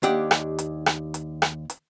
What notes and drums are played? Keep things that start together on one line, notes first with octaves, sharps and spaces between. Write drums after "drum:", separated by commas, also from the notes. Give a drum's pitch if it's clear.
D#2 D4 G4 F#5, drum: hi-hat
drum: rim click
drum: hi-hat
drum: rim click
drum: hi-hat
drum: rim click
drum: hi-hat